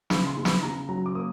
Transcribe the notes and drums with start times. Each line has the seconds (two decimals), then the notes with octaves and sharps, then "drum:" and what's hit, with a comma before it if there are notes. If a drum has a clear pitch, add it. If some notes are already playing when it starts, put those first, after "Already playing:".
0.10 C#3 B5, drum: snare
0.27 C6
0.37 C#3
0.45 B5, drum: snare
0.63 C#3 A#5
0.89 F#3 A#5
1.06 D6
1.15 A#3 D#6